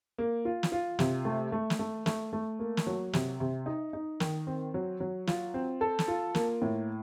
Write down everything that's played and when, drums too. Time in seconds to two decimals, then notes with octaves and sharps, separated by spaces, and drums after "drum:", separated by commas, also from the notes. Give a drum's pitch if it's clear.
0.18 A#3
0.45 F4
0.63 drum: snare
0.72 F4
0.99 C3, drum: snare
1.25 A3
1.52 A3
1.70 drum: snare
1.79 A3
2.06 A3, drum: snare
2.33 A3
2.59 A#3
2.77 drum: snare
2.87 F#3
3.13 C3, drum: snare
3.40 C3
3.66 D#4
3.93 D#4
4.20 D#3, drum: snare
4.47 C4
4.74 F#3
5.00 F#3
5.27 F4, drum: snare
5.54 C4
5.81 A4
5.99 drum: snare
6.08 F4
6.35 A#3, drum: snare
6.62 A2